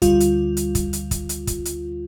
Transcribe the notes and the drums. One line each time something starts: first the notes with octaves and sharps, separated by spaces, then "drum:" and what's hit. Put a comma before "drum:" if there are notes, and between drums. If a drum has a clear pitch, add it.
D2 D3 G3 F4, drum: kick, hi-hat
drum: hi-hat
drum: hi-hat
drum: kick, hi-hat
drum: hi-hat
drum: kick, hi-hat
drum: hi-hat
drum: kick, hi-hat
drum: hi-hat